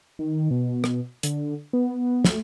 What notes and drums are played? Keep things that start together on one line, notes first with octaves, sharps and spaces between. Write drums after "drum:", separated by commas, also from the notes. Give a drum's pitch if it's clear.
D#3
B2
drum: rim click
D3, drum: hi-hat
B3
A3, drum: snare